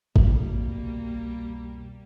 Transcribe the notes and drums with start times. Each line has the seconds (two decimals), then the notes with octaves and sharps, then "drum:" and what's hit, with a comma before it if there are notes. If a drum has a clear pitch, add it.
0.16 C2 F2 B2 G3 A#3, drum: kick G#1